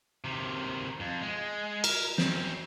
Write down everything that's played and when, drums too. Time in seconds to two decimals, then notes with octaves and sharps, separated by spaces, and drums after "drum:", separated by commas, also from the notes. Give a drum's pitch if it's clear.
0.24 C3 D#3
1.00 F2
1.22 G#3
1.84 A#4, drum: cymbal
2.18 C4 C#4, drum: snare